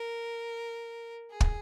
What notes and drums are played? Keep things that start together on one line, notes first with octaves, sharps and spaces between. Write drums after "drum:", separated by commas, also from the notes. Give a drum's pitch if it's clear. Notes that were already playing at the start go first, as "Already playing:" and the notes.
Already playing: A#4
G#4
drum: kick